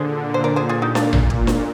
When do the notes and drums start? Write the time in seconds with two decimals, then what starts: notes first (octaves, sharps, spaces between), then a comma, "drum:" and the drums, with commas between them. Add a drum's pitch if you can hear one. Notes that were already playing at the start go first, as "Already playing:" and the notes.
Already playing: A#2 D3 G#4 C5
0.34 C5
0.43 A#2 A#4 D5
0.56 G#4 C5
0.69 F4 G#4
0.82 D#4 G4
0.95 D4 F4, drum: snare D4
1.13 drum: tom A#1
1.30 drum: kick
1.47 drum: snare D4